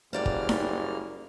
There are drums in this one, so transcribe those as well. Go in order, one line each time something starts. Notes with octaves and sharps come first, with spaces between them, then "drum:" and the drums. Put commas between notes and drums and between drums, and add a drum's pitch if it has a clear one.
F#1 G3 A#3 C5 D5 F#5 F6
drum: kick
drum: snare D#4